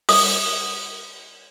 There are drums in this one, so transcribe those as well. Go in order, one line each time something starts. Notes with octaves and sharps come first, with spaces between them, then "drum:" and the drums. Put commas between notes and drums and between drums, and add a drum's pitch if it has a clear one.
D#6, drum: open hi-hat